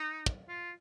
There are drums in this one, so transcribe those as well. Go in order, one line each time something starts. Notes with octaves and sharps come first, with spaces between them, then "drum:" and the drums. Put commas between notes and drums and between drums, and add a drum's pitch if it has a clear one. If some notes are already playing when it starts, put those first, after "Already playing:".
Already playing: D#4
drum: kick
F4